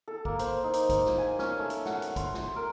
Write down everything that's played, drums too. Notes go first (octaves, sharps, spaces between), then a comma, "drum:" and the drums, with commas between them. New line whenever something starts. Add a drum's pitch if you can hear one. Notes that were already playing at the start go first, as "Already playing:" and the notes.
A4
A#3, drum: kick
C5, drum: hi-hat
D#4
drum: hi-hat
drum: kick, hi-hat
drum: snare
G#5
C#4, drum: snare
A3
drum: hi-hat
F#5, drum: snare
drum: hi-hat
C6, drum: kick, hi-hat
drum: snare
A#4